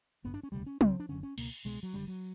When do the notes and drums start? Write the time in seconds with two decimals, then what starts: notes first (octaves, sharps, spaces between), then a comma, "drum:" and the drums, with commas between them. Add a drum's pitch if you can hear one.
0.24 G#1 G2 D3 B3
0.34 D4
0.43 C#4
0.52 E1 D2 C3 G3
0.66 C#4
0.81 C#2 C#3 C4, drum: tom
1.00 D4
1.09 F#1 F#2 D3 C#4
1.23 C#4
1.38 C#2 B2 A#3, drum: cymbal
1.65 C2 B2 G#3
1.83 F#3
1.94 F#1 F#2 D3 G3
2.08 F#3